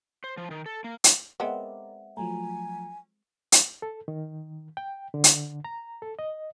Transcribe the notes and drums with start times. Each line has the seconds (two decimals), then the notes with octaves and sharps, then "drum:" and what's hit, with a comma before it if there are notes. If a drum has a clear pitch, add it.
0.24 C5
0.37 F3
0.51 D#3
0.66 A4
0.84 A#3
1.04 drum: hi-hat
1.40 G#3 B3 C4 A#4 D5 E5 F#5
2.17 F3 F#3 A3 F4 G#5 A#5
3.52 drum: hi-hat
3.82 A4
4.08 D#3
4.77 G5
5.14 D3
5.24 drum: hi-hat
5.65 A#5
6.02 A4
6.19 D#5